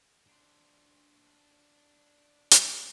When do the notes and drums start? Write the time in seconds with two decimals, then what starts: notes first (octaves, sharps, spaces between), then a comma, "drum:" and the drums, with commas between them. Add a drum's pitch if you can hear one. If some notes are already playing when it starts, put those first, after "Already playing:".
0.27 D4 C5
2.51 drum: hi-hat